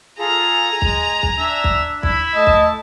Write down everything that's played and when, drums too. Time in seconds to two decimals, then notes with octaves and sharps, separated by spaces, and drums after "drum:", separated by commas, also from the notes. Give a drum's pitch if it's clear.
0.19 F4 G#4 A4 G#5 A#5
0.82 G#3, drum: kick
1.23 drum: kick
1.39 D4 E5
1.64 drum: kick
2.03 E4 B5, drum: kick
2.35 A3 D#5 A5
2.47 drum: kick